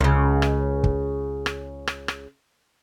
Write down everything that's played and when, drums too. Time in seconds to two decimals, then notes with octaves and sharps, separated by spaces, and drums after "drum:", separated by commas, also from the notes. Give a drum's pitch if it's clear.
0.01 C#2 A#2 C#3
0.42 drum: rim click
0.84 drum: kick
1.46 drum: rim click
1.87 drum: rim click
2.08 drum: rim click